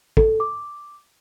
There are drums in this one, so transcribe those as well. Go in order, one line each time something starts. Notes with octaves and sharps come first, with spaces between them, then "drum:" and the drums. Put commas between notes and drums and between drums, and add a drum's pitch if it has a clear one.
A4, drum: kick
D6